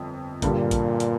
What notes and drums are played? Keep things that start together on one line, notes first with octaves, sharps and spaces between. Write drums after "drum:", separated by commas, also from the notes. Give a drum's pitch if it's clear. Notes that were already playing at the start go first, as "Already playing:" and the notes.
Already playing: G1 F2
G2 A#2 D3 G3, drum: kick A1, hi-hat
drum: kick A1, hi-hat
drum: hi-hat